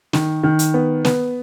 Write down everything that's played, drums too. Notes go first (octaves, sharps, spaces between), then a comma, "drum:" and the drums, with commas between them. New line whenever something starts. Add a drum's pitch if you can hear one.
D#3, drum: snare
D#3
drum: hi-hat
B3
B3, drum: snare